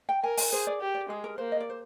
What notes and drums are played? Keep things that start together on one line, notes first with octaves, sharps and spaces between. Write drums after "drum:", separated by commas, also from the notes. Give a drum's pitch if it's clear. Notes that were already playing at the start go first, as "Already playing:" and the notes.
G5
A#4 G#5
G#5, drum: open hi-hat
G#4 C5
D5
G4
D5
G#3 G#4
A#4
A#3 C5
D#5
D5
C5